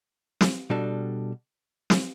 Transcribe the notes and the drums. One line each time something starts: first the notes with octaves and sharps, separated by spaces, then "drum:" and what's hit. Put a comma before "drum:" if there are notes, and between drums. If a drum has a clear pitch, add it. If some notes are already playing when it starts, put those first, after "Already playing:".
drum: snare
B2 G3 D4 F#4 A4
drum: snare